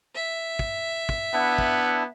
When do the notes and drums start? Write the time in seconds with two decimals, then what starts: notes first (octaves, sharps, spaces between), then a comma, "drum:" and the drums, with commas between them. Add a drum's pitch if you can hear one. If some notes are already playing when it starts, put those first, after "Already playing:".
0.15 E5
0.59 drum: kick
1.09 drum: kick
1.34 B3 D4 E4 F#5
1.58 drum: kick